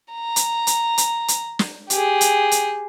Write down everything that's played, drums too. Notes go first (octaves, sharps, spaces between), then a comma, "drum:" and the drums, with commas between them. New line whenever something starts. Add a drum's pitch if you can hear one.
A#5
drum: hi-hat
drum: hi-hat
drum: hi-hat
drum: hi-hat
drum: snare
G4 G#4, drum: hi-hat
drum: hi-hat
drum: hi-hat